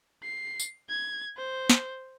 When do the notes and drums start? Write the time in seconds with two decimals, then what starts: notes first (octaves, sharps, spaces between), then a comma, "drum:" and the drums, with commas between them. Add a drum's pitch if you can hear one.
0.23 C7
0.60 drum: tambourine
0.89 G#6
1.37 C5
1.70 drum: snare